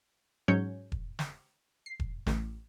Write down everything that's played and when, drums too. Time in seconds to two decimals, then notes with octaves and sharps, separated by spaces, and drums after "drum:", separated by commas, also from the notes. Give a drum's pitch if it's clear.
0.48 G#2 F#3 C#4 C#5 G6
0.92 drum: kick E1
1.19 drum: snare
1.86 C7
2.00 drum: kick E1
2.27 A1, drum: snare